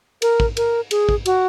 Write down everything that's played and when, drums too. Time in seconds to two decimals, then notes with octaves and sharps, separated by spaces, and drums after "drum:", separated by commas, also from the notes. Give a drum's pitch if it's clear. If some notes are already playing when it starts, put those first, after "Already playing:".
0.22 A#4, drum: cymbal
0.40 drum: kick
0.57 A#4, drum: cymbal
0.91 G#4, drum: cymbal
1.09 drum: kick
1.26 F#4, drum: cymbal